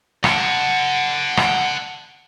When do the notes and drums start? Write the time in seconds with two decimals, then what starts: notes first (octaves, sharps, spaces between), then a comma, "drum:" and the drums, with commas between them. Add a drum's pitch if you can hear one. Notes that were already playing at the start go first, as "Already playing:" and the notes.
0.24 F#5 A5, drum: rim click
1.37 drum: rim click